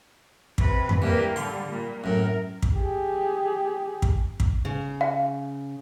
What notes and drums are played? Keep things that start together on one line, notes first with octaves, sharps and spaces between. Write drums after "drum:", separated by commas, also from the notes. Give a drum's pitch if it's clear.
C3 B4, drum: kick
drum: tom F2
G2 E3 A#3 G4
D3 G3 F5 C6
A#2
F#2 A2 A#4
drum: kick
G4 G#4
drum: kick
drum: kick
C#3
F5